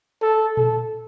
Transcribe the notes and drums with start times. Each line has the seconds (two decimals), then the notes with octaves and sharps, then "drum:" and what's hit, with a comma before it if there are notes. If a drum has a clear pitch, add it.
0.22 A4
0.57 A4, drum: tom A#2